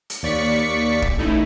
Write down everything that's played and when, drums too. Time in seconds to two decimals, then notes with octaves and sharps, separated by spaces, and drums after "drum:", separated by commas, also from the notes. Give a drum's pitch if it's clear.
0.10 drum: hi-hat
0.23 D#2 D5 C#6 B6 C#7
1.02 drum: kick
1.17 A1 A3 D#4 E4